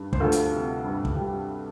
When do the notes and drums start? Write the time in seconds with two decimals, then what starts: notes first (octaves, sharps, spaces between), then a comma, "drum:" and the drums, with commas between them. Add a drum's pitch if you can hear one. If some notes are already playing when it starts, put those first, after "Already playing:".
Already playing: G2
0.13 C5, drum: kick
0.20 D2 F4 A4
0.32 drum: hi-hat
0.52 C3
0.84 G2
1.05 drum: kick
1.16 G3